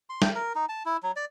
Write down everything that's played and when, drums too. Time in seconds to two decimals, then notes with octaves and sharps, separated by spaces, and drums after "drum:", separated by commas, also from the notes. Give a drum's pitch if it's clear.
0.10 C6
0.22 G5, drum: snare
0.35 A#4
0.55 D#4
0.69 A5
0.86 E4
1.03 F#3
1.16 D5